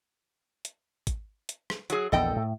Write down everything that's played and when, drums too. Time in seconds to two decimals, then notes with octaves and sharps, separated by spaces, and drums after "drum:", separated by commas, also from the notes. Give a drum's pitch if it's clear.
0.65 drum: hi-hat
1.07 drum: kick, hi-hat
1.49 drum: hi-hat
1.70 drum: rim click
1.90 F#3 G#4, drum: hi-hat
2.12 A#1 E2 B3 A4 D#5 G5
2.36 A2